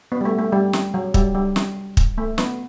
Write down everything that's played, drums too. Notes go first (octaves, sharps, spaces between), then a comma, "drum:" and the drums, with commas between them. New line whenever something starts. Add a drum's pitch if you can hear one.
B3
G3
A3
A3
G3
drum: snare
F#3
G3, drum: kick
G3
drum: snare
drum: kick
A3
B3, drum: snare